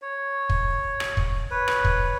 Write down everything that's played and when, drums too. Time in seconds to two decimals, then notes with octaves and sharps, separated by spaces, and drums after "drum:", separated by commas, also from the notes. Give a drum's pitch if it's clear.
0.02 C#5
0.49 drum: kick
1.00 drum: rim click
1.17 drum: kick
1.51 B4 C#5
1.68 drum: rim click
1.85 drum: kick